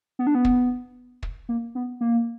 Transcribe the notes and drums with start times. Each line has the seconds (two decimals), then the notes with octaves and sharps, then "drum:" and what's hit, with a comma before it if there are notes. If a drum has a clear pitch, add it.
0.19 B3
0.27 D4
0.35 B3
0.45 drum: kick
1.23 drum: kick
1.49 A#3
1.75 B3
2.01 A#3